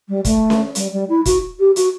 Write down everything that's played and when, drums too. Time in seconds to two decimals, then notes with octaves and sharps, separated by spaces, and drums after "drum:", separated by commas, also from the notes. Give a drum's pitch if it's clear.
0.08 G3
0.25 A3, drum: kick, hi-hat
0.50 drum: snare C#4
0.75 G3, drum: hi-hat
0.92 G3
1.09 E4
1.25 F#4, drum: kick, hi-hat
1.59 G4
1.76 F#4, drum: hi-hat